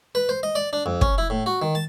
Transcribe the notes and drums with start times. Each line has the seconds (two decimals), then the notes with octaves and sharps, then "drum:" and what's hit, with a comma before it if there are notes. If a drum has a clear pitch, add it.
0.15 B4
0.29 C5
0.43 D#5
0.55 D5
0.73 D4
0.86 F2
1.01 C#4, drum: kick
1.18 E4
1.30 A2
1.46 F#4
1.62 D#3
1.75 A5